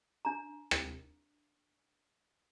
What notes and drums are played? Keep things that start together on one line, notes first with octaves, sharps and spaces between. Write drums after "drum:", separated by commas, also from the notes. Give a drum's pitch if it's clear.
D4 A#5
drum: rim click